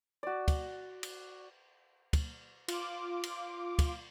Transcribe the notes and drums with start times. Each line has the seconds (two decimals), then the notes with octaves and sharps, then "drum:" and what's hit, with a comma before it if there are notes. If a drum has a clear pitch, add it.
0.23 F#4 D5
0.48 drum: kick, cymbal
1.03 drum: cymbal
2.13 drum: kick, cymbal
2.68 F4 D6, drum: cymbal
3.23 drum: cymbal
3.79 drum: kick, cymbal